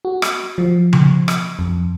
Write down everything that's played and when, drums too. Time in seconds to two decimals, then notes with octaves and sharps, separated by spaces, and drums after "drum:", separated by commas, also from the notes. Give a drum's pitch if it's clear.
0.05 F#4
0.22 drum: rim click
0.58 F3
0.93 drum: tom C#3
1.28 drum: rim click
1.59 F2